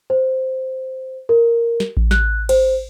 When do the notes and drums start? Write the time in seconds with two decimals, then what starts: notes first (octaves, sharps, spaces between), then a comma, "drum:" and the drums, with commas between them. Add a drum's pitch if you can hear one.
0.10 C5
1.29 A#4
1.80 drum: snare
1.97 drum: kick A1
2.11 F#6, drum: snare
2.49 C5, drum: cymbal